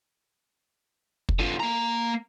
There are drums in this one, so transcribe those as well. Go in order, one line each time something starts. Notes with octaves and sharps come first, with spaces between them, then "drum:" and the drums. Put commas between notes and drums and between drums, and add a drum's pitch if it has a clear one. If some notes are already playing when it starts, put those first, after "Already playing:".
drum: kick
D3 F4
A#3 A#5